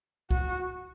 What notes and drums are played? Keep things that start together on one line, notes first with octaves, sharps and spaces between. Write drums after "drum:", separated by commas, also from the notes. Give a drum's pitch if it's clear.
F#4, drum: kick C2